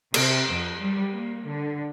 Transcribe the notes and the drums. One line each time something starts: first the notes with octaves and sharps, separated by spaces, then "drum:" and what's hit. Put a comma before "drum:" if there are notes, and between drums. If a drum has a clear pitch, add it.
C3, drum: cymbal
F2
G3
A#3
D3